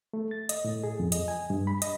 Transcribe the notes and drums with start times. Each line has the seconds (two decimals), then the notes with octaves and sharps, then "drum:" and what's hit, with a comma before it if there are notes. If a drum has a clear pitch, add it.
0.13 A3
0.31 A6
0.49 D#5, drum: hi-hat
0.65 A2
0.84 G#4
1.00 F2
1.12 D#5, drum: hi-hat
1.28 G#5
1.50 G2
1.67 B5
1.82 D#5, drum: hi-hat